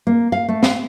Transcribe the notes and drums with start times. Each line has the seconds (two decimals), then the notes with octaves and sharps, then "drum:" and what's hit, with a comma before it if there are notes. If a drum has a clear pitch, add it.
0.07 A#3
0.32 F5
0.49 A3
0.63 F5, drum: snare